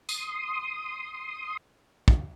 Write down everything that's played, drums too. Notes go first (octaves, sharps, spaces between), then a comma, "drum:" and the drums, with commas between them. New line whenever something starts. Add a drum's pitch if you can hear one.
C6 D#6, drum: tambourine
drum: kick